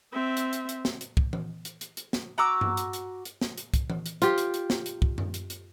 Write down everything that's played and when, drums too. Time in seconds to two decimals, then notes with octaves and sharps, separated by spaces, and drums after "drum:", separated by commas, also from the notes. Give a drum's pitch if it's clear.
0.13 C4 E5
0.37 drum: hi-hat
0.53 drum: hi-hat
0.69 drum: hi-hat
0.85 drum: snare
1.01 drum: hi-hat
1.17 drum: kick
1.33 drum: tom E3
1.65 drum: hi-hat
1.81 drum: hi-hat
1.97 drum: hi-hat
2.13 drum: snare
2.38 F#4 A#5 D6 E6
2.61 drum: tom G2
2.77 drum: hi-hat
2.93 drum: hi-hat
3.25 drum: hi-hat
3.41 drum: snare
3.58 drum: hi-hat
3.74 drum: kick, hi-hat
3.90 drum: tom E3
4.06 drum: hi-hat
4.22 F4 G4, drum: hi-hat
4.38 drum: hi-hat
4.54 drum: hi-hat
4.70 drum: snare
4.86 drum: hi-hat
5.02 drum: kick
5.18 drum: tom F#2
5.34 drum: hi-hat
5.50 drum: hi-hat